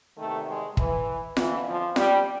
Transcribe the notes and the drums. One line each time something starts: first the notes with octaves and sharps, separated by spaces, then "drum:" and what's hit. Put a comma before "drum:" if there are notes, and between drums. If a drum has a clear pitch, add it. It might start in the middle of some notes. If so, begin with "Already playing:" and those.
E2 C3 D#3 A3
G#3
E3, drum: kick
F2 D3 E3, drum: snare F4
F3
G3, drum: snare F4